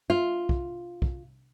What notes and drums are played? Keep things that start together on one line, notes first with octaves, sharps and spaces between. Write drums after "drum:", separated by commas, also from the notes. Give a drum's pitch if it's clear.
F4
drum: kick
drum: kick